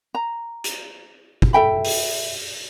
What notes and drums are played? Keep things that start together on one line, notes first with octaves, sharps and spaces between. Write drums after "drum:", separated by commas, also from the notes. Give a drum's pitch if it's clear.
A#5
drum: hi-hat
drum: kick
A4 E5 G5 B5
drum: open hi-hat